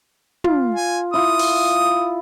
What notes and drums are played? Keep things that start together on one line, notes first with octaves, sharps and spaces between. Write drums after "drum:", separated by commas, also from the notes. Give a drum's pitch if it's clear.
F4, drum: tom
G#5
E4 F4 D#6
drum: open hi-hat